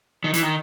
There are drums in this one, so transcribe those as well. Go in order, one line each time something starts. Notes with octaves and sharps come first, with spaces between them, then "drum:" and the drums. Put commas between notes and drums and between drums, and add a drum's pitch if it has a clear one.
D#3
E3, drum: hi-hat
D#3